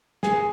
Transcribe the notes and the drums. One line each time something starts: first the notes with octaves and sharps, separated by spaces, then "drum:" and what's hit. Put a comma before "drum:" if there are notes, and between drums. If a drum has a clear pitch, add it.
G#4, drum: snare